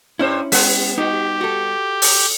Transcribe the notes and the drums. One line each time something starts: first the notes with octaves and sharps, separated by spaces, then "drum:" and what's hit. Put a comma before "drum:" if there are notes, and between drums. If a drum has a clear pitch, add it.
G2 C#4 E4 C5
G3 B3, drum: open hi-hat
D#4 F#4 G4
F#4 A4
drum: open hi-hat